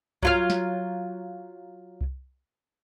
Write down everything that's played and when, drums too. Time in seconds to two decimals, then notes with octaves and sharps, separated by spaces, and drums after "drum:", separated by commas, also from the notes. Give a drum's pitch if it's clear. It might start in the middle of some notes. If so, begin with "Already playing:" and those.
0.23 F#3 F4 F5, drum: kick C2
0.50 drum: snare
2.01 drum: kick C2